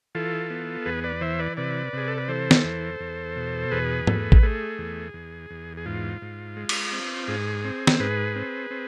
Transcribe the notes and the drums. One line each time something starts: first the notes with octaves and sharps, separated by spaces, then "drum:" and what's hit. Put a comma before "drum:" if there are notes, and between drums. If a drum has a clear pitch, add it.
E3 F4 A4
B3
E2 G#4 B4
B4 D5
E3 C5 E5
B4 D5
C3 B4 D5
C3 G#4
A4
B4
E3 A4 C5
drum: snare
E2
E2
B2
E2 G#4 B4
A3, drum: tom G#2
drum: kick A1
A3 G#4
E2
E2
E2
G#4
G#2 F4
G#2
G#3
drum: cymbal
C4
G#2 G#4
C4
drum: snare
G#2 G#4 B4
C4
C4